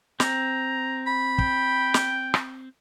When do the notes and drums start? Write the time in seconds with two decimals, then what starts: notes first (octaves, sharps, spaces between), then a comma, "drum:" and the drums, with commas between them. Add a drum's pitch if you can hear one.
0.20 C4 A#5, drum: snare
1.07 B5
1.38 G5, drum: kick
1.94 drum: snare
2.34 drum: rim click